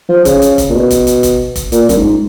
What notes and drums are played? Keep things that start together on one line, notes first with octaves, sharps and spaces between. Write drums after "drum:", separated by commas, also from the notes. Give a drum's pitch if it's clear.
F3
C#3, drum: kick F1, hi-hat
drum: hi-hat
drum: kick F1, hi-hat
A#2
B2
drum: kick F1, hi-hat
drum: hi-hat
drum: kick F1, hi-hat
drum: kick F1, hi-hat
A#2, drum: hi-hat
F#2, drum: kick F1, hi-hat
G#2